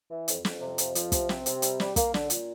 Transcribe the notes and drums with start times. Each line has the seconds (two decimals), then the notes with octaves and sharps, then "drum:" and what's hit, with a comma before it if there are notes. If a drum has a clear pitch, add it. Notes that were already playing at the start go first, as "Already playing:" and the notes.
0.10 E3
0.28 F2, drum: hi-hat
0.45 F2, drum: snare
0.61 C3
0.78 F2, drum: hi-hat
0.95 F3, drum: hi-hat
1.12 C3, drum: kick, hi-hat
1.29 C4, drum: snare
1.46 C3, drum: hi-hat
1.62 G3, drum: hi-hat
1.80 G3, drum: snare
1.96 A#3, drum: kick, hi-hat
2.14 D3, drum: snare
2.30 A#2, drum: hi-hat